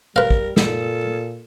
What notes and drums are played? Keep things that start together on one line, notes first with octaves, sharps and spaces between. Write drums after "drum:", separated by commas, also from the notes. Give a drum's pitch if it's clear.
G3 A#4 B4 F5
drum: kick
A#2 A4, drum: snare